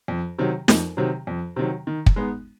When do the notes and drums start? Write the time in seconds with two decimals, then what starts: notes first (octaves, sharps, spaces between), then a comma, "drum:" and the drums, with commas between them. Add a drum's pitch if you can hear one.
0.08 F2
0.38 C3 D#3 F#3
0.68 F2, drum: snare
0.97 C3 D#3 F#3
1.27 F2
1.56 C3 D#3 F#3
1.87 D#3
2.06 drum: kick
2.16 G#3 B3 D#4